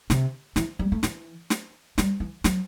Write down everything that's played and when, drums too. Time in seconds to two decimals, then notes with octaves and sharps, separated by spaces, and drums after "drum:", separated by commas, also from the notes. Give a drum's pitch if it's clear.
0.10 C3, drum: snare
0.56 E3, drum: snare
0.79 G3
0.92 A3
1.03 E3, drum: snare
1.50 drum: snare
1.98 G3, drum: snare
2.20 E3
2.44 F#3, drum: snare